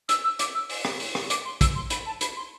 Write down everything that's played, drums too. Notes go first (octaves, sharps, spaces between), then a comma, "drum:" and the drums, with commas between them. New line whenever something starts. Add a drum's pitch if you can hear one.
E6, drum: hi-hat
E6
D6, drum: hi-hat
E6
drum: open hi-hat
drum: rim click
drum: open hi-hat
drum: rim click
D6, drum: hi-hat
C6
E6, drum: kick, hi-hat
C6
B5, drum: hi-hat
A5
B5, drum: hi-hat
C6